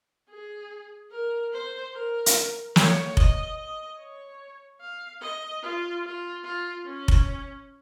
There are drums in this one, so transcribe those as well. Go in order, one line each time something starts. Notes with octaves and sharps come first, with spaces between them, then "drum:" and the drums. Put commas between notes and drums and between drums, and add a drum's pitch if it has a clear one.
G#4
A#4
C5
A#4
drum: hi-hat
C#5, drum: snare
D#5, drum: kick F1
D#5
C#5
F5
D#5
F4
F4
F4
C#4
drum: kick F1